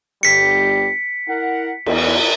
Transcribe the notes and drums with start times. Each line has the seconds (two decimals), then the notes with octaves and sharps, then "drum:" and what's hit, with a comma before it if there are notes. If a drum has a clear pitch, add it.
0.23 G1 G3 G4 B6 C#7
1.28 E4 A#4 F#5
1.86 E2, drum: cymbal